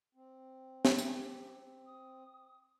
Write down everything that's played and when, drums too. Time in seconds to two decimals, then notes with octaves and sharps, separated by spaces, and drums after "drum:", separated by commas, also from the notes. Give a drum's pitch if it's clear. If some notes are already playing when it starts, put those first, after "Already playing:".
0.15 C4
0.85 G4, drum: snare
0.99 drum: tambourine
1.86 D#6